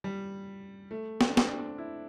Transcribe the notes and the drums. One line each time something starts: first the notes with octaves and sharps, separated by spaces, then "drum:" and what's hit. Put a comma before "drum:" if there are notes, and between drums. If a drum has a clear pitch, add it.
G3
A3
C4, drum: snare
D4
C4, drum: snare
D4
E4